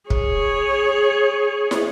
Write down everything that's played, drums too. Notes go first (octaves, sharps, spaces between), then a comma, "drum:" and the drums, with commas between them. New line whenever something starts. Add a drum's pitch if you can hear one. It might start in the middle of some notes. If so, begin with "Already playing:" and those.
G#4 C#5, drum: kick
drum: snare